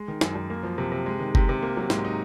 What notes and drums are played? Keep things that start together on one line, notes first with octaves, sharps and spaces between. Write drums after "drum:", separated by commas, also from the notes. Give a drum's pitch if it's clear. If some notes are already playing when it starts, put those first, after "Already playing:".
Already playing: G#3
D#3
F#2, drum: snare
F#2
A#3
F3
C3
C3
G#3
D#3
C3, drum: kick F#1
C3
A#3
F#3
G#2, drum: snare
D#4